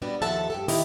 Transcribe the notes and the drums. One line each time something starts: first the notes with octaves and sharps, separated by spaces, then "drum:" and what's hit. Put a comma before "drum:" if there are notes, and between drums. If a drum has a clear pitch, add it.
G3 B3 D4 F#4
D#2 F3 A4 E5 F#5 A5
G2 G4 A4
D#3 E4 G4 D#5, drum: open hi-hat